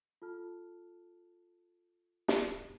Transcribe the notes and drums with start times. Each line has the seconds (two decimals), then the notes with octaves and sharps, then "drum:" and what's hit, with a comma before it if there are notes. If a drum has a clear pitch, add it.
0.22 F4 A4 A5 F6
2.28 drum: snare